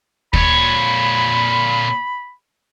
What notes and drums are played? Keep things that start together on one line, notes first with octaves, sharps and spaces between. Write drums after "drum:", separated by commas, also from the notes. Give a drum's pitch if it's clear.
A#2 C#5 B5, drum: kick